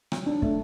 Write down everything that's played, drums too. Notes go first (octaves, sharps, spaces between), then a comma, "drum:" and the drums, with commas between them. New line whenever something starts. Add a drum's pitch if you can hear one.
F#3, drum: rim click
D4
A3, drum: kick